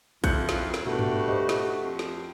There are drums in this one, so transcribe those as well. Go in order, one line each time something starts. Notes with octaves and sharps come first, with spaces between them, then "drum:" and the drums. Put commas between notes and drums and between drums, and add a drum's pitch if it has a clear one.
F2 E4 F4 F#6 G6 C#7, drum: kick, hi-hat
drum: snare
drum: snare
G2 B2 A3 F#4
drum: tom G2
G4 C5 D#5
drum: snare
F2
drum: snare